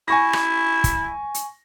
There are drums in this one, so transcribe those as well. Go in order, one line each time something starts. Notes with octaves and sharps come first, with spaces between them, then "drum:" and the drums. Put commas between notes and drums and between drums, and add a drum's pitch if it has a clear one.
E4 G#5 C#6 A#6
drum: rim click
drum: kick, hi-hat
drum: hi-hat